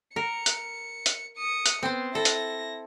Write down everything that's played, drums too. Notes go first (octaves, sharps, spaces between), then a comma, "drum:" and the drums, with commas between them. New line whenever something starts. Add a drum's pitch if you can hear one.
A#4 C#7
drum: hi-hat
drum: hi-hat
D#6 C#7
drum: hi-hat
B3 C4 C5
E4 A4 A#6
drum: hi-hat